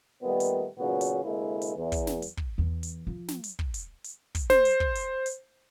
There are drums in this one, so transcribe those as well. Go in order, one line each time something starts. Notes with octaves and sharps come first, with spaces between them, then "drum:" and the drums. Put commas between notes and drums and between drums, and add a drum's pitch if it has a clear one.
A#2 D#3 G3 A3 B3
drum: hi-hat
G#1 A#2 C#3 F#3 B3 F#4
drum: hi-hat
D2 C3 G#3 A#3 E4
drum: hi-hat
E2
drum: kick, hi-hat
drum: snare
drum: hi-hat
drum: kick
E2
drum: hi-hat
F3
drum: snare
drum: hi-hat
drum: kick
drum: hi-hat
drum: hi-hat
drum: kick, hi-hat
C5, drum: snare
drum: hi-hat
drum: kick
drum: hi-hat
drum: hi-hat